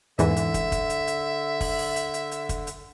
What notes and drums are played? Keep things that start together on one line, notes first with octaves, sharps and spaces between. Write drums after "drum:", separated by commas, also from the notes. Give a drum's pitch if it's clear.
E2 G#2 D3 E3 E5, drum: hi-hat
drum: hi-hat
drum: kick, hi-hat
drum: kick, hi-hat
drum: hi-hat
drum: hi-hat
drum: kick, open hi-hat
drum: open hi-hat
drum: hi-hat
drum: hi-hat
drum: hi-hat
drum: kick, hi-hat
drum: hi-hat